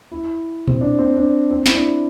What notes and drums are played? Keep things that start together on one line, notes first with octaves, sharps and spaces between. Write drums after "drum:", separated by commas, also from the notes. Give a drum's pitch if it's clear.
E4
C4, drum: tom A#2
D4
C4
D4
C4
E4, drum: snare
D4